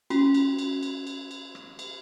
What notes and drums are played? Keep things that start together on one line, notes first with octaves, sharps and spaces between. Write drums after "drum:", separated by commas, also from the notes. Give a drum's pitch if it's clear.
C#4 F4 F#4, drum: cymbal
drum: cymbal
drum: cymbal
drum: cymbal
drum: cymbal
drum: cymbal
drum: rim click
drum: cymbal